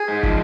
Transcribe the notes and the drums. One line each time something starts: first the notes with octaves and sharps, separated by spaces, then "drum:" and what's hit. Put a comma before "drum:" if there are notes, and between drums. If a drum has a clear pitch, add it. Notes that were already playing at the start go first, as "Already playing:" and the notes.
Already playing: G#4
G#2
F3, drum: kick